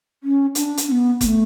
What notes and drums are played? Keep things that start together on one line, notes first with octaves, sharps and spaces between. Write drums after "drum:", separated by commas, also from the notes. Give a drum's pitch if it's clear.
C#4
D4, drum: hi-hat
drum: hi-hat
C#4
B3
B3, drum: kick F#1, hi-hat
A3